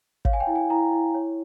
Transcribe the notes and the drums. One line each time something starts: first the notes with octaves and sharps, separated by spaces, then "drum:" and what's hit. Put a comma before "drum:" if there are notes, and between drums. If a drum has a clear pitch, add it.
C#5 F5, drum: kick
G#5
G5
E4
G#5
E4 A#5
E4
C#5